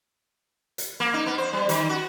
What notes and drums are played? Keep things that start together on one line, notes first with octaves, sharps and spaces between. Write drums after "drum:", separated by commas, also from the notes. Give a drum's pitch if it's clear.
drum: hi-hat
A#3
D#4
B3
C5
G3
D#3, drum: hi-hat
F#4